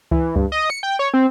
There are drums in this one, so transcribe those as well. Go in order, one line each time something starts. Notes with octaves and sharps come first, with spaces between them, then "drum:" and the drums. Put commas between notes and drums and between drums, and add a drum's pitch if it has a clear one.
E3, drum: kick C#2
G2, drum: kick C#2
D#5
C#7
G5
C#5
C4